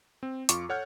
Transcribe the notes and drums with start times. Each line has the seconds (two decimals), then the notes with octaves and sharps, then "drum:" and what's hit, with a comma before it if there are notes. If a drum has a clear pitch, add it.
0.23 C4
0.49 F2 F4 C#6 D6, drum: hi-hat
0.69 A4 C#5 F#5 F6 G6